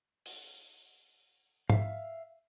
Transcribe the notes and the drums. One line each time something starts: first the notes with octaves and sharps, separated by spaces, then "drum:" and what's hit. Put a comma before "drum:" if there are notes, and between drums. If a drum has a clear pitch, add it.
drum: open hi-hat
E5 F5, drum: tom